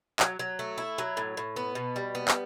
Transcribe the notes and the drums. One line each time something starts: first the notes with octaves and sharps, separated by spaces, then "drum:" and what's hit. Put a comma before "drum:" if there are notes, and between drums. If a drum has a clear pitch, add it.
F#3, drum: clap
F#3
A3
E4
F#3
A2
A2
B3
B2
G3
B3
drum: clap